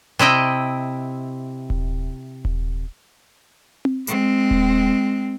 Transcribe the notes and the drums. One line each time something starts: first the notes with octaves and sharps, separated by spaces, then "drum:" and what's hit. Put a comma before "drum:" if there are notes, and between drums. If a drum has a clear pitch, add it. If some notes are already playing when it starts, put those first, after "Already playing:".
C3 E4 D#5 G5
drum: kick D#1
drum: kick D#1
drum: tom C4
G#3 C4, drum: hi-hat
drum: kick D#1